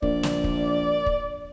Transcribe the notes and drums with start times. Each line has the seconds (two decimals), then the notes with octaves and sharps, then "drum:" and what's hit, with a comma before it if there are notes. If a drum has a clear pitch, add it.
0.03 A#1 D5, drum: kick
0.23 drum: snare
0.44 drum: kick
1.06 drum: kick